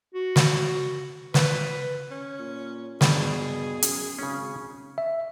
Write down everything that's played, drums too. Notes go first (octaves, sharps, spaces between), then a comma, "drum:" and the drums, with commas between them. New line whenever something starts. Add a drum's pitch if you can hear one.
F#4
drum: snare
B4, drum: snare
C#4
A#2
G2 B2 G#4, drum: snare
F#2, drum: hi-hat
G#1 C#3 C#4
E5